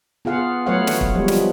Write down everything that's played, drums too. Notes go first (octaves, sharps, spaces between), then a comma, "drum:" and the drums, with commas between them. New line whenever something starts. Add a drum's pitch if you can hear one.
B3 F4 G#4 F5 F#5
F#3 A3 B4 C#5 F5 F#5
drum: snare
drum: kick
F3 G3 G#3 B3
drum: snare